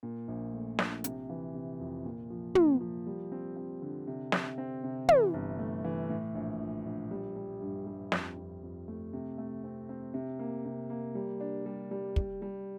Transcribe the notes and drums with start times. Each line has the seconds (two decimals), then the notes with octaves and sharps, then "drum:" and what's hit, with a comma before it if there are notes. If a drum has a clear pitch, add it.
0.03 A#2
0.28 A#1
0.54 A3
0.79 A#1, drum: snare
1.04 C3, drum: hi-hat
1.29 E3
1.55 C3
1.80 F2
2.05 A#2
2.30 F3
2.55 A#3, drum: tom
2.81 F3
3.07 G3
3.32 C4
3.56 C4
3.82 D3
4.07 C3
4.32 C3, drum: snare
4.58 C4
4.84 C3
5.09 E3, drum: tom
5.34 G1
5.59 A3
5.84 E3
6.10 A2
6.35 A#1
6.60 A#1
6.85 A#1
7.11 G3
7.36 G3
7.61 G2
7.87 G3
8.12 F2, drum: snare
8.37 F2
8.63 F2
8.88 A3
9.13 C3
9.38 A3
9.64 C4
9.89 C4
10.14 C3
10.39 A#3
10.65 C3
10.90 A#3
11.15 G3
11.40 D4
11.66 G3
11.91 G3
12.16 G3, drum: kick
12.42 G3